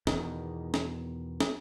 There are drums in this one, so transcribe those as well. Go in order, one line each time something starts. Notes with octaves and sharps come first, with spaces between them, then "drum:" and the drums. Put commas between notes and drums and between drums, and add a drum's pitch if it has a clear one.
E2 B2 D#3, drum: snare
drum: snare
drum: snare